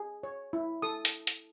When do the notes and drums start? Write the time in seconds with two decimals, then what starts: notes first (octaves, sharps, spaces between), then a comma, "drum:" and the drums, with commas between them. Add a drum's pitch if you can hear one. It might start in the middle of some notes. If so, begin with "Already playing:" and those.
Already playing: G#4
0.23 C#5
0.53 E4
0.82 A4 D#6
1.05 drum: hi-hat
1.27 drum: hi-hat